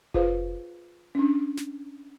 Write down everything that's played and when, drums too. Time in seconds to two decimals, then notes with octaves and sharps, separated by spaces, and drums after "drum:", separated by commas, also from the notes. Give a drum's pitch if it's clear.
0.14 F4 G#4 B4 C5 F5, drum: kick F1
1.15 C#4 D4
1.57 drum: snare